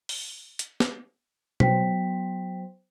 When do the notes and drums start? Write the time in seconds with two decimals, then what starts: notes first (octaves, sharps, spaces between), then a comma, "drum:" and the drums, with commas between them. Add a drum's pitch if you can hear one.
0.09 drum: open hi-hat
0.59 drum: hi-hat
0.80 drum: snare
1.60 F#3 B3 C5 G5 B6, drum: tom B2